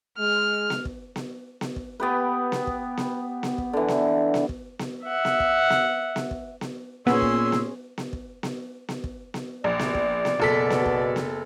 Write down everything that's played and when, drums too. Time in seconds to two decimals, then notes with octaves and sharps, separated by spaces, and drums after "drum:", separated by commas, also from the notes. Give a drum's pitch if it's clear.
0.19 G#3 F6
0.70 drum: snare B3
0.85 drum: kick
1.16 drum: snare B3
1.61 drum: snare B3
1.76 drum: kick
2.00 B3 G4 B4
2.52 drum: snare B3
2.67 drum: kick
2.97 drum: snare B3
3.43 drum: snare B3
3.58 drum: kick
3.73 D3 E3
3.88 drum: snare B3
4.34 drum: snare B3
4.49 drum: kick
4.79 drum: snare B3
5.04 E5 F#5
5.25 drum: snare B3
5.40 drum: kick
5.70 drum: snare B3
6.16 drum: snare B3
6.31 drum: kick
6.61 drum: snare B3
7.07 A#2 B3 C#4 G#4 C6 E6, drum: snare B3
7.22 drum: kick
7.52 drum: snare B3
7.98 drum: snare B3
8.13 drum: kick
8.43 drum: snare B3
8.89 drum: snare B3
9.04 drum: kick
9.34 drum: snare B3
9.64 A#1 D5
9.79 drum: snare B3
9.95 drum: kick
10.25 drum: snare B3
10.40 F#1 B2 A4 B6
10.70 drum: snare B3
10.86 drum: kick
11.16 drum: snare B3